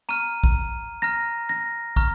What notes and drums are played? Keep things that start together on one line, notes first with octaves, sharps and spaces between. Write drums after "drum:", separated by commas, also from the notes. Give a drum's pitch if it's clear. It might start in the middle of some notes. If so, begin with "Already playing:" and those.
A#5 C#6 F6 D#7
drum: kick
A#5 F6 A#6
A#6
A#5 C#6 F6, drum: kick